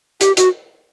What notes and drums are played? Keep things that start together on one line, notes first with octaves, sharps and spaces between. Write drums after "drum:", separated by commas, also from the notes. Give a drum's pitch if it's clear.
G4, drum: hi-hat
F#4, drum: hi-hat